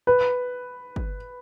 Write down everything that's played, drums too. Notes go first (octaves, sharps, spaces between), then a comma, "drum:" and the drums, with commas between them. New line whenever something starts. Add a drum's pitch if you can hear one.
B4
drum: kick